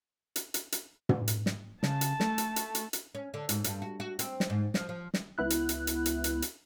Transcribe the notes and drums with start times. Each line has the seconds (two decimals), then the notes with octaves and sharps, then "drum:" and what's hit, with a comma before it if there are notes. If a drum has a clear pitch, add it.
0.36 drum: hi-hat
0.54 drum: hi-hat
0.72 drum: hi-hat
1.09 drum: tom
1.28 drum: hi-hat
1.46 drum: snare
1.83 C#3 A5, drum: snare
2.01 drum: hi-hat
2.20 A3, drum: snare
2.38 drum: hi-hat
2.56 drum: hi-hat
2.75 drum: hi-hat
2.93 drum: hi-hat
3.15 C#4
3.34 D3
3.49 G#2, drum: hi-hat
3.64 G2, drum: hi-hat
3.82 F#4
4.00 F#4
4.19 C4, drum: hi-hat
4.40 drum: snare
4.50 G#2
4.74 F3, drum: snare
4.89 F3
5.14 drum: snare
5.38 C#2 B3 E4 F#6
5.50 drum: hi-hat
5.69 drum: hi-hat
5.87 drum: hi-hat
6.06 drum: hi-hat
6.24 drum: hi-hat
6.42 drum: hi-hat